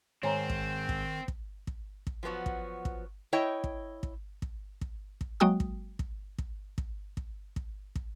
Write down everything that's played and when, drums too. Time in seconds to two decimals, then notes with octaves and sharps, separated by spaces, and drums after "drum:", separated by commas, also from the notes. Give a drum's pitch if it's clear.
0.23 G#2 D#3 C4 C#5 G#5 A#5
0.50 drum: kick
0.89 drum: kick
1.28 drum: kick
1.67 drum: kick
2.07 drum: kick
2.23 F3 F#3 B3 F#4
2.46 drum: kick
2.85 drum: kick
3.33 E4 C#5 D#5 G5
3.64 drum: kick
4.03 drum: kick
4.42 drum: kick
4.81 drum: kick
5.21 drum: kick
5.40 F#3 G#3 A#3 F#4 G5 D#6
5.60 drum: kick
5.99 drum: kick
6.38 drum: kick
6.78 drum: kick
7.17 drum: kick
7.56 drum: kick
7.95 drum: kick